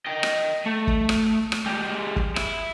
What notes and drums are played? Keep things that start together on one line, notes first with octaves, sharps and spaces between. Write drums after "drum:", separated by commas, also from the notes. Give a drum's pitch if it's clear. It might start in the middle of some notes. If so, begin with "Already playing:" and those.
D#5 G5
drum: rim click
A3
drum: kick
drum: rim click
drum: rim click
G#3 G4
drum: kick
E4, drum: rim click